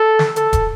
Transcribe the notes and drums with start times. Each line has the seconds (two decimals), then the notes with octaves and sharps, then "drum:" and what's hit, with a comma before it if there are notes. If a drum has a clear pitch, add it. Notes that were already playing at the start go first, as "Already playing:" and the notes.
Already playing: A4
0.19 drum: snare
0.36 A4, drum: hi-hat
0.53 drum: kick D#1, hi-hat